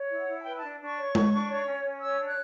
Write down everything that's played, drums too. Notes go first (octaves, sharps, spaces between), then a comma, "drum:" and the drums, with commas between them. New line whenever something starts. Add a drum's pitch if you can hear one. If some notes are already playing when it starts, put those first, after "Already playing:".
Already playing: C#5
E4
F#5
E4
A5
B4 G5
A5
D4
D4 C#6
C#5
D4, drum: tom G#3
D4
C#5
C#4
C#4
C#5 E6
D4
F#6